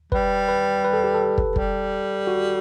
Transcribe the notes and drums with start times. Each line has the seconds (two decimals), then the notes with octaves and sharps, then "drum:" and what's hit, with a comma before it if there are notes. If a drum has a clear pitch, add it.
0.12 G3 B4, drum: kick
0.48 B4
0.84 B4
0.93 A4
1.04 G4
1.14 A4
1.38 drum: kick
1.56 G3, drum: kick
2.27 F#4